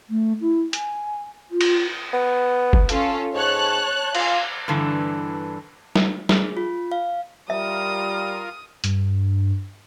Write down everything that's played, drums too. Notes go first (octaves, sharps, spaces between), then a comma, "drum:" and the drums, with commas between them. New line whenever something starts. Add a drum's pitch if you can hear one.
A3
E4
G#5, drum: hi-hat
F4
drum: cymbal
B3
drum: kick F#1
C#4 F4 A4, drum: hi-hat
G#2 C#5 A5 F#6
F4 F5 G#5, drum: cymbal
G2 D3 E3
drum: snare
G#4, drum: snare
F4
F5
G3 F4 A#4 E5 D#6
G2, drum: hi-hat